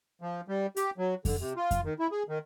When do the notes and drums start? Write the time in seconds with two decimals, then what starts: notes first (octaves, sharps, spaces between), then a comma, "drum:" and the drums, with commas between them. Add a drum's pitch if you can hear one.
0.22 F3
0.48 G3
0.76 G4, drum: hi-hat
0.98 F#3
1.25 D3, drum: kick F2, open hi-hat
1.40 C3
1.56 F4
1.71 drum: kick F2, hi-hat
1.85 D#3
1.99 E4
2.11 G#4
2.28 D#3